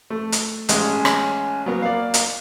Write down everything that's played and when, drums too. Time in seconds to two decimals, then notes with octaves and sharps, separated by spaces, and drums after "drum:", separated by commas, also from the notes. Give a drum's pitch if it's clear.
0.10 A3
0.32 drum: hi-hat
0.69 A1 G#3 C#4, drum: hi-hat
1.05 drum: rim click
1.66 F#3 A#3 B3 A#4
1.82 D5 F5
2.14 drum: hi-hat